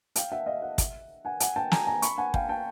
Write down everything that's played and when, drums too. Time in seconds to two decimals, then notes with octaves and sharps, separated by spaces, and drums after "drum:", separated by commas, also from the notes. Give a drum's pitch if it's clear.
0.16 F5 G5, drum: hi-hat
0.32 E5 F#5
0.46 D#5 F5
0.62 E5 F#5
0.78 drum: kick, hi-hat
1.25 F#5 G#5
1.40 F#5 G#5, drum: hi-hat
1.56 G5 A5
1.72 G#5 A#5, drum: snare
1.87 G#5 A#5
2.02 B5 C#6, drum: hi-hat
2.18 F#5 G#5
2.34 F5 G5, drum: kick
2.49 G5 A5